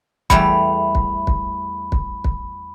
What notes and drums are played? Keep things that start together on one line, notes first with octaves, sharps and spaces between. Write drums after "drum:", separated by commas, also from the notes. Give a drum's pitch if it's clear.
E2 G3 A3 B5, drum: kick
drum: kick
drum: kick
drum: kick
drum: kick